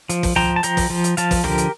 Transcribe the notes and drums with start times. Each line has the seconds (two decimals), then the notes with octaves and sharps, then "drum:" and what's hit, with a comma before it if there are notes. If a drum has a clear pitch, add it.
0.09 F3, drum: hi-hat
0.23 drum: kick, open hi-hat
0.36 F3 G5 A#5, drum: tom C#2
0.56 A5
0.63 F3 G5 A#5, drum: hi-hat
0.77 drum: kick, open hi-hat
0.90 F3
1.04 drum: hi-hat
1.17 F3 F5 A5, drum: hi-hat
1.31 drum: kick, open hi-hat
1.44 D3 G4 A#4, drum: tom C#2
1.58 drum: hi-hat